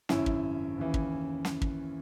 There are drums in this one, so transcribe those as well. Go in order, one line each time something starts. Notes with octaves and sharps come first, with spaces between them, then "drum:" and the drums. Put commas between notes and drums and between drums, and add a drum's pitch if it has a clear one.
G#1 F#2 C#3 C#4 E4, drum: snare
drum: kick
D#2 C#3 E3
drum: kick
drum: snare
drum: kick